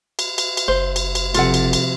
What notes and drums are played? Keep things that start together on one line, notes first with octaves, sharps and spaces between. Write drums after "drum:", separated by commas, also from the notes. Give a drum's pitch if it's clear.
drum: cymbal
drum: cymbal
drum: cymbal
F#1 C5
drum: cymbal
drum: cymbal
C3 F3 F4 A4 F#5, drum: cymbal
drum: cymbal
drum: cymbal